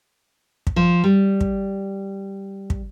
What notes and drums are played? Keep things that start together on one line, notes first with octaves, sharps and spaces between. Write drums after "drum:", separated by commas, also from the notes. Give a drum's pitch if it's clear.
drum: kick
F3
G3
drum: kick
drum: kick